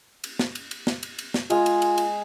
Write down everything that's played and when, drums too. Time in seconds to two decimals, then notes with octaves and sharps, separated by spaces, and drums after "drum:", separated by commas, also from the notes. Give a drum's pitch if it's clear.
0.24 drum: cymbal
0.39 drum: snare
0.55 drum: cymbal
0.71 drum: cymbal
0.87 drum: snare
1.03 drum: cymbal
1.19 drum: cymbal
1.34 drum: snare
1.50 G#3 F4 G#5, drum: cymbal
1.66 drum: cymbal
1.82 drum: cymbal
1.98 drum: cymbal